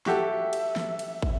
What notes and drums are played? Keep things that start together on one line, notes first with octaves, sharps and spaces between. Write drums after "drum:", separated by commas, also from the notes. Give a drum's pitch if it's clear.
F#4 G4 A4 E5, drum: snare
drum: cymbal
drum: snare
drum: cymbal
drum: kick